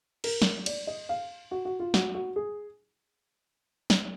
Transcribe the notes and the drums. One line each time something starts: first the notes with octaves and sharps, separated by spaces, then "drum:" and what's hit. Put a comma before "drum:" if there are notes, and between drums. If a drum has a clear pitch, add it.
A#4, drum: cymbal
drum: snare
D5, drum: cymbal
D#5
F5
F#4
F#4
F4
F#4, drum: snare
F#4
G#4
drum: snare